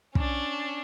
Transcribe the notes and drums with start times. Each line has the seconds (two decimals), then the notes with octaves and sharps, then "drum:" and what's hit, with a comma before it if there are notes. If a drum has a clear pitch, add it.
0.15 C#4 D4, drum: kick